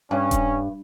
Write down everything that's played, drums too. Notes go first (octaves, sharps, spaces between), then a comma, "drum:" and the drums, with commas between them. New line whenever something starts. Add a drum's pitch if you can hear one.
G2 C#4
drum: kick D#1, hi-hat